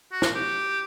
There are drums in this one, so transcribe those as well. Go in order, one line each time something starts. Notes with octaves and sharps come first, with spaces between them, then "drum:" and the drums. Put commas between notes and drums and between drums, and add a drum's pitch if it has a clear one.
F#4
drum: snare
G4